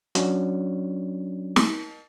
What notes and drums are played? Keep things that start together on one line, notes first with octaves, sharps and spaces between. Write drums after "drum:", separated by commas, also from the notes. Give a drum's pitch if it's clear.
F#3 C#4 D4, drum: hi-hat
drum: snare